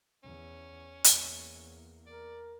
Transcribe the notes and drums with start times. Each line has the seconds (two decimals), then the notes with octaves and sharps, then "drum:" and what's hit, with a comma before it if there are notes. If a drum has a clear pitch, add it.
0.23 E2 C#4
1.04 E2 A#3, drum: hi-hat
2.06 A#4 D5